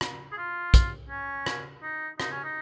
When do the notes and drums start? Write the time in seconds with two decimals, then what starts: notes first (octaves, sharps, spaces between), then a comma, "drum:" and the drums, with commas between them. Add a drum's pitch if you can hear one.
0.01 drum: rim click
0.32 G#4
0.38 F4
0.74 drum: kick, hi-hat
1.10 C#4
1.46 drum: rim click
1.83 D#4
2.20 D#4, drum: rim click
2.31 C#4
2.44 D#4